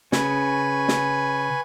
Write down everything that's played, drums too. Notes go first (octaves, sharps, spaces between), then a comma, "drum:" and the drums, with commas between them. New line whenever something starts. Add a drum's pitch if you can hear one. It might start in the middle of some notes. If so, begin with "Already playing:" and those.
C#3 B4 G#5 C#6, drum: snare
drum: snare